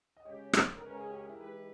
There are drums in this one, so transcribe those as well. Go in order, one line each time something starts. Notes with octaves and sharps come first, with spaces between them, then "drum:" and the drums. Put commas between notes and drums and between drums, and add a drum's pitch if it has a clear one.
D#5
C#3 G#3 C#4 G4 C#5
drum: rim click
A#4
C#3 G#3 C#4 B4
A#4
G#4
G4
G#4
E4
E3 G#3 D#4 G4 B4